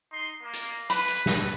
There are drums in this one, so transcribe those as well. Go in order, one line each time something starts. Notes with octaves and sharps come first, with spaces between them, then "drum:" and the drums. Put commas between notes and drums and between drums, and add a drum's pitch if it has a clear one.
D#4 C6
A#3
drum: hi-hat
B4 B5, drum: hi-hat
drum: hi-hat
drum: snare